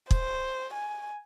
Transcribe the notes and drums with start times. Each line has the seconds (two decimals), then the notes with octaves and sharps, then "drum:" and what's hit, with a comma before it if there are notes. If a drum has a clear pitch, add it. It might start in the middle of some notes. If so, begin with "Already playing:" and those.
0.11 C5, drum: kick
0.74 G#5